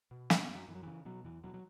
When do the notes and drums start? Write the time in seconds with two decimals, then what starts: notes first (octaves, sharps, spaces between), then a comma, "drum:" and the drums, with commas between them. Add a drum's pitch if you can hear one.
0.11 B2
0.30 C#3 C#4, drum: snare
0.42 B3
0.49 F#2
0.55 F#3
0.68 F#2 E3
0.75 F#3
0.83 C#3 E3
1.05 B2 F#3
1.24 E2 E3
1.43 B2 F#3
1.54 F#3